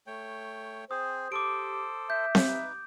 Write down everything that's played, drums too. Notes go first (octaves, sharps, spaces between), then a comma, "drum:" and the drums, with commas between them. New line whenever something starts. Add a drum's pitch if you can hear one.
A3 C#5 G5
C4 G#4 C5 D#6
G4 A4 C5 D6 D7
E5 G6
drum: snare C4
D#4 B4